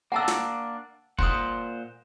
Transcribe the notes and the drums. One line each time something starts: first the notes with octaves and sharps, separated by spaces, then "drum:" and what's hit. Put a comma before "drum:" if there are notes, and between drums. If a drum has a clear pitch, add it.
A#3 D4 F#5 A5 E6
drum: snare
A#2 C5 F#5 C6 D#6, drum: kick